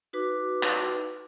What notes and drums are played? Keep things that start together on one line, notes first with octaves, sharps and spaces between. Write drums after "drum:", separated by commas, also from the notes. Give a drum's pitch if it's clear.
D#4 F#4 B4 D6
drum: clap